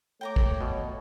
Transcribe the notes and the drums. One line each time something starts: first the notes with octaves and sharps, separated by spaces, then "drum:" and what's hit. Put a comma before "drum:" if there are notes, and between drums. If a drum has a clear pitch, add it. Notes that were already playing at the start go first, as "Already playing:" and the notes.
A3 C#5 G5 A#5 D6
drum: kick
B2 A3